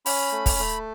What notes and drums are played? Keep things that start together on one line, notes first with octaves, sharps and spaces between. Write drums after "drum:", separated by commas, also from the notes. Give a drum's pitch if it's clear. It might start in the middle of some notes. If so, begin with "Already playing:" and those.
C#4 B5, drum: open hi-hat
A3
drum: kick, open hi-hat
A3